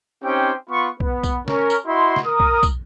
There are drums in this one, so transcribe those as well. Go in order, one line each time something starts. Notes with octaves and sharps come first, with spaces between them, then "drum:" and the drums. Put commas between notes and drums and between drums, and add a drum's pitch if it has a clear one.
C4 C#4 D#4 G4 C5 G5
B3 F4 B5 C#6
B3, drum: kick
drum: kick, tambourine
C#4 A#4, drum: snare
drum: tambourine
E4 F#4 D#5 C6
drum: snare
A#4 D#6
drum: kick
drum: kick, tambourine